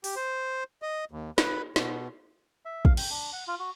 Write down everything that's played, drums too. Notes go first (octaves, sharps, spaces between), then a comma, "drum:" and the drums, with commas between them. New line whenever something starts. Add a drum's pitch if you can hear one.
G4, drum: open hi-hat
C5
D#5
D#2
B4, drum: snare
B2, drum: snare
E5
F5, drum: kick
G5, drum: cymbal
D4
F#5
F4
F#4